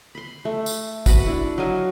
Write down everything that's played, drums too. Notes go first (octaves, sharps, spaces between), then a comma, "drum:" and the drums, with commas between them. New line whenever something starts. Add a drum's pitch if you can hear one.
B5 C6
A3
drum: tambourine
F#4 B4 F#5 A5, drum: kick, tambourine
D4 E4
F#3 D#5 F5 G#5